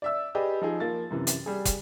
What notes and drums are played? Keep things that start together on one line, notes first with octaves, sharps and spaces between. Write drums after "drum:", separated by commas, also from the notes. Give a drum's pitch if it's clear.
D5 E5 E6
G4 G#4 B4 D5 D#5
F3 D#4 G#4
F3 A#3 A6
F#2 C3 E3
drum: hi-hat
G3 G#4
drum: kick, hi-hat